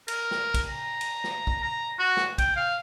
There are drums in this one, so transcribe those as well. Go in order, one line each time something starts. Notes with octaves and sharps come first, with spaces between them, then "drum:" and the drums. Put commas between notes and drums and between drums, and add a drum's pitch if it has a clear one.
A#4, drum: cymbal
drum: snare
drum: kick, cymbal
A#5
drum: cymbal
drum: snare
drum: kick
A#5
F#4
drum: snare
G5, drum: kick, cymbal
F5